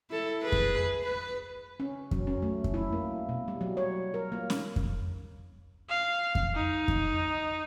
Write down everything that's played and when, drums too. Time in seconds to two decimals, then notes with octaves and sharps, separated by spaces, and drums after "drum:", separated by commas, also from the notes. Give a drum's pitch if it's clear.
0.10 E4 A4
0.43 G#4 B4
0.52 drum: kick F2
1.03 B4
1.80 C#4
2.11 F#3, drum: kick F2
2.27 C#4
2.42 A3
2.64 drum: kick F2
2.74 E4
2.92 A#3
3.29 B2
3.48 G3
3.61 F#3
3.77 C#5
4.14 A#4
4.32 A#3
4.50 drum: snare C#4
4.76 drum: kick F2
5.90 F5
6.35 drum: kick F2
6.55 D#4
6.88 drum: kick F2